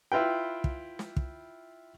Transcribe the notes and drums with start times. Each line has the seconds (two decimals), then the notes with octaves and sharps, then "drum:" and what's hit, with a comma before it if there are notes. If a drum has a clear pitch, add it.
0.12 E4 F4 B4 G5
0.64 drum: kick
0.99 drum: snare
1.16 drum: kick